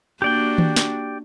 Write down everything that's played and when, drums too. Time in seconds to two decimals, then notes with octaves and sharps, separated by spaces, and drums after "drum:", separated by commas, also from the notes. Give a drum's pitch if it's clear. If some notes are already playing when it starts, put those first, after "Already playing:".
0.22 A#3 D4 F#4 G4 D5 G5
0.58 drum: tom D#3
0.76 drum: snare